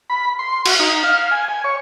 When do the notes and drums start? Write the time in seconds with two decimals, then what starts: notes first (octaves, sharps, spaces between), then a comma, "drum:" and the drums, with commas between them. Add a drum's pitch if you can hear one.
0.10 B5
0.39 C6
0.65 F#4, drum: cymbal
0.80 D#4
1.04 F5
1.31 G#5
1.49 G#5
1.64 C#5